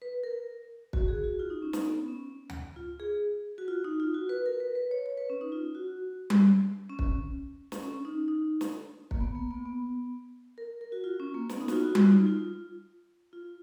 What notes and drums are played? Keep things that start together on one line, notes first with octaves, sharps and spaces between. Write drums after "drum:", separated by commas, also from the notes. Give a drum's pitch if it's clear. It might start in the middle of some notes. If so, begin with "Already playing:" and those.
B4
A#4
F#4, drum: kick
G#4
F#4
F4
D#4
C#4
D#4, drum: snare
B3
C#4
drum: tom D2
F4
G#4
F#4
F4
D#4
F4
F#4
B4
A#4
B4
B4
C#5
C#5
B4
C#4
D#4
F4
F#4
drum: tom G3
C#4
drum: kick
drum: snare
C#4
D#4
D#4
drum: snare
A#3, drum: kick
B3
A#3
B3
B3
A#4
A#4
F#4
F4
C#4
A#3
B3, drum: snare
D#4
F#4, drum: snare
F4
F#4
F4, drum: tom G3
D#4
F4
F4